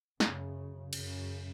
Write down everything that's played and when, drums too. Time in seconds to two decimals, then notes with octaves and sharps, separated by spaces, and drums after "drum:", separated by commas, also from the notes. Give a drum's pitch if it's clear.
0.20 F#2 C#3, drum: snare
0.93 F#2 C#3, drum: cymbal